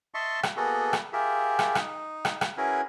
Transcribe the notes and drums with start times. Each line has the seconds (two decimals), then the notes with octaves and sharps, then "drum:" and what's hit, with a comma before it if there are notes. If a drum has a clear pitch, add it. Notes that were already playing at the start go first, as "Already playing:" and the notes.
0.14 D#5 E5 A5 C6 C#6
0.43 drum: rim click
0.57 A#3 B3 F#4 G#4 A4 D#5
0.93 drum: rim click
1.13 F4 G4 G#4 A#4 E5
1.59 drum: rim click
1.75 D#4, drum: rim click
2.25 drum: rim click
2.41 drum: rim click
2.57 C#4 E4 F#4 G#4 A#4 B4